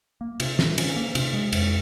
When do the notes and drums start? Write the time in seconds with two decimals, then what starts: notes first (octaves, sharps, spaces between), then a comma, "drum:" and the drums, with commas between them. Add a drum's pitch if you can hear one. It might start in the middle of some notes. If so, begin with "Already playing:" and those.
0.21 A#3
0.40 C3, drum: cymbal
0.59 D#3, drum: snare
0.78 C#4, drum: cymbal
0.96 A#3
1.15 C3, drum: cymbal
1.33 G#3
1.52 F2, drum: cymbal